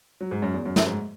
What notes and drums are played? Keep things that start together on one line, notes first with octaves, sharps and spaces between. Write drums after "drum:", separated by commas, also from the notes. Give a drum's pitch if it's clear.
F#3
G#2
F#2
E2
F#2
F#2, drum: snare
G#2